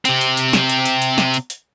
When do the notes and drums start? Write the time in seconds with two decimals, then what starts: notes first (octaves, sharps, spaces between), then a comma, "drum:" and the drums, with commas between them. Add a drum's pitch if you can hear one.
0.05 C3 C4, drum: hi-hat
0.21 drum: hi-hat
0.37 drum: hi-hat
0.53 drum: snare
0.69 drum: hi-hat
0.86 drum: hi-hat
1.02 drum: hi-hat
1.18 drum: snare
1.34 drum: hi-hat
1.50 drum: hi-hat